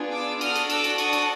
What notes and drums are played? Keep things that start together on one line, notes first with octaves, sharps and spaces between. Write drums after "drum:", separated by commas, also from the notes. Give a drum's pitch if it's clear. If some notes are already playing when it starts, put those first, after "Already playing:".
Already playing: B3 D4 F4 G#4
D6 E6
D4 F#4 A4 D#6 F6, drum: cymbal
drum: cymbal
D6 E6, drum: cymbal
drum: cymbal
C#6 D#6, drum: cymbal
drum: cymbal